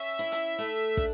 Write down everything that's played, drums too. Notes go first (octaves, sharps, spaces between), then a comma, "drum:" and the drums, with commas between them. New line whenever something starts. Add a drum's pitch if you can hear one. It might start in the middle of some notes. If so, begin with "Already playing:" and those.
Already playing: C#4 E5
E4
drum: hi-hat
A3
D4, drum: kick